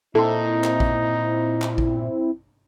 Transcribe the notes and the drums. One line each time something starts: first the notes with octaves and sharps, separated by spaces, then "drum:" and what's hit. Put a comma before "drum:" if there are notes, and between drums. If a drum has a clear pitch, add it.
A#2 C4 D#4 E4 A4
drum: clap
drum: kick A1
drum: clap
drum: kick A1